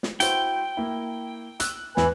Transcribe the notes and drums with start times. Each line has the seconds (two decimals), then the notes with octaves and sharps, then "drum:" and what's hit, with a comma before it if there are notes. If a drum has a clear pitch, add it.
0.03 drum: snare
0.20 E4 F#4 C5 G5, drum: hi-hat
0.77 A#3 E4
1.60 E6 F#6, drum: hi-hat
1.97 E2 E3 B4 G#5, drum: snare